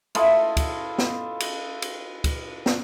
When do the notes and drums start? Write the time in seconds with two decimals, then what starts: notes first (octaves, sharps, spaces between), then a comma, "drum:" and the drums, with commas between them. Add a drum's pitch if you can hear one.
0.15 E4 F4 A4 D#5, drum: cymbal
0.57 drum: kick, cymbal
0.98 drum: snare
1.40 drum: cymbal
1.82 drum: cymbal
2.24 drum: kick, cymbal
2.66 drum: snare